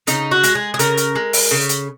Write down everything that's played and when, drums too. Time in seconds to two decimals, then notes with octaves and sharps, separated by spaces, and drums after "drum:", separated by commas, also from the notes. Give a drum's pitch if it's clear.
0.07 C#3 D#4, drum: hi-hat
0.31 F#4
0.43 G#3, drum: hi-hat
0.55 G#4
0.74 G#4
0.79 C#3 A#4, drum: hi-hat
0.97 drum: hi-hat
1.16 G#3
1.33 drum: open hi-hat
1.51 C#3
1.69 drum: hi-hat